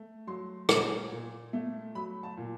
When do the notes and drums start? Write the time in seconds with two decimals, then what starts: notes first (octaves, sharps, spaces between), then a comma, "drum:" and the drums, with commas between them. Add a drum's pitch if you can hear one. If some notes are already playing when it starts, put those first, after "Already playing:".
Already playing: A3
0.27 F#3 C6
0.69 A#2, drum: rim click
1.12 A#2
1.53 A3
1.95 F#3 B5
2.23 A5
2.37 A#2